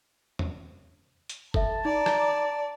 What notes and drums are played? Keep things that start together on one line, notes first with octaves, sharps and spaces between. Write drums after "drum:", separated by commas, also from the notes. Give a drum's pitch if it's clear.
drum: tom E2
drum: hi-hat
A4 E5 A5, drum: kick F1
D#4 D5 A#5 D6
drum: rim click